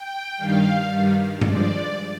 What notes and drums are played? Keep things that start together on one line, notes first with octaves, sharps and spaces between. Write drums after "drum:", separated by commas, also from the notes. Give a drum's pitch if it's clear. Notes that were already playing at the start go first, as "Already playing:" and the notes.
Already playing: G5
G2 D#3 G3 F5
G2 D#3 G3
G2 F3 G#3 D5, drum: tom G2